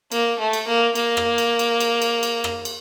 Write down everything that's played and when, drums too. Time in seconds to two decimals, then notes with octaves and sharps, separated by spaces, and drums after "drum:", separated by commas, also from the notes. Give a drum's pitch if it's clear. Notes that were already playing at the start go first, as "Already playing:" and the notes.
0.12 A#3, drum: cymbal
0.39 A3
0.53 drum: cymbal
0.67 A#3
0.95 A#3, drum: cymbal
1.17 drum: rim click
1.38 drum: cymbal
1.59 drum: cymbal
1.80 drum: cymbal
2.02 drum: cymbal
2.23 drum: cymbal
2.44 drum: rim click
2.65 drum: cymbal